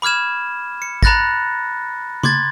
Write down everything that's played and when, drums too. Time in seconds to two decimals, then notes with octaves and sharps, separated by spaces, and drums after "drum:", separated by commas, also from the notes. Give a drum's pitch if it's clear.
0.02 B5 D6 F6 G#6 E7
0.82 C#7
1.03 A#5 B5 F#6 A6 A#6, drum: kick G#1
2.23 C6 D6 G#6 A6, drum: tom C#3